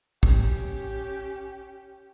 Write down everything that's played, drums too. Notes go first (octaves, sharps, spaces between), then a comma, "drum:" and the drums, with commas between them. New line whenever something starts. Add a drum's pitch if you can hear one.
C#4 G4, drum: kick